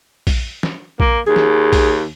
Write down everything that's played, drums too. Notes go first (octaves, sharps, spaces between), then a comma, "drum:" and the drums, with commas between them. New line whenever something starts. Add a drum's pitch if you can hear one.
drum: kick A#1, open hi-hat
drum: snare
A#3, drum: kick A#1
D#2 G#4
drum: snare
drum: kick A#1, open hi-hat